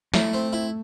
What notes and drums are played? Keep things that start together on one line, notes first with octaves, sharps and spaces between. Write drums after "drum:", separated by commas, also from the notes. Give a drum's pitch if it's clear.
A3 E4, drum: snare
C4
E4